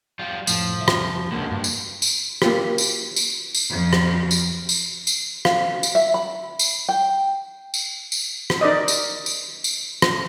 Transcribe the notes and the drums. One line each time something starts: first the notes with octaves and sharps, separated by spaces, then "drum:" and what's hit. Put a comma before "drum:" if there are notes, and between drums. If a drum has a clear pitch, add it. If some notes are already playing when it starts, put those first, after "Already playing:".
G3 F4
F2 A2 F3, drum: tambourine
C2 F2 E5
drum: rim click
C#2 D3 A#3
G2
drum: tambourine
drum: tambourine
A#3 F4 G4, drum: rim click
drum: tambourine
drum: tambourine
drum: tambourine
F2 F3
drum: rim click
drum: tambourine
drum: tambourine
drum: tambourine
F5, drum: rim click
drum: tambourine
E5
B5
drum: tambourine
G5
drum: tambourine
drum: tambourine
drum: rim click
D#4 A#4 D5 D#5
drum: tambourine
drum: tambourine
drum: tambourine
drum: rim click